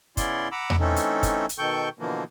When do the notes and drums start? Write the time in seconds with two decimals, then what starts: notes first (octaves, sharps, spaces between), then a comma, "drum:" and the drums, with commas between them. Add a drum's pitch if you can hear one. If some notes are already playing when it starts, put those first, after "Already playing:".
0.17 C#3 B3 C#4 E4 D5 C6, drum: kick, hi-hat
0.52 F#5 A#5 B5 D6 E6
0.70 drum: tom E2
0.80 E3 A3 C4 C#4 D#4 A4
0.96 drum: hi-hat
1.23 drum: kick, hi-hat
1.49 drum: hi-hat
1.59 B2 D#3 A4 G5 C#6 G6
1.99 B2 D3 E3 F3 A#3